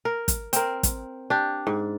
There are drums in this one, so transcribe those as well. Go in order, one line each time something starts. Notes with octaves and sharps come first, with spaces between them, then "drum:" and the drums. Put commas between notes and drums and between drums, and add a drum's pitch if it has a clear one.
A#4
drum: kick, hi-hat
C4 A#4, drum: hi-hat
drum: kick, hi-hat
D4 G4
G#2